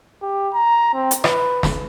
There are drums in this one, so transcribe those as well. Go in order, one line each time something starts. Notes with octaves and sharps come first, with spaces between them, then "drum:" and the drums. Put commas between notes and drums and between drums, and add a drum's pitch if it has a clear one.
G4
A#5
C4
drum: hi-hat
B4, drum: rim click
drum: snare